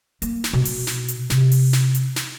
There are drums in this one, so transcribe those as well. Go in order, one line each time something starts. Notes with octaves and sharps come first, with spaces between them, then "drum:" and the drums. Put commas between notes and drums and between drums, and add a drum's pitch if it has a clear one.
A#3, drum: hi-hat
drum: snare
B2
drum: open hi-hat
drum: snare
drum: hi-hat
C3, drum: snare
drum: open hi-hat
drum: snare
drum: hi-hat
drum: snare